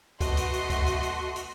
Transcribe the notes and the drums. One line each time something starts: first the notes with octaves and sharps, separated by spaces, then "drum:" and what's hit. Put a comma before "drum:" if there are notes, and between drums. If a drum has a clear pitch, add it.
A3 B3 F#4 D#5 C6, drum: kick C#2, hi-hat
drum: hi-hat
drum: hi-hat
drum: kick C#2, hi-hat
drum: hi-hat
drum: hi-hat
drum: hi-hat